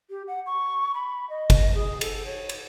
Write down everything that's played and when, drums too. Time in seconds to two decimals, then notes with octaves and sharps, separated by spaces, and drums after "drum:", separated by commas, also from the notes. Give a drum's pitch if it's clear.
0.10 G4
0.28 F#5
0.46 C#6
0.94 B5
1.30 D#5
1.50 drum: kick G1, cymbal
1.75 G#4
2.01 A4, drum: cymbal
2.25 C#5
2.49 drum: cymbal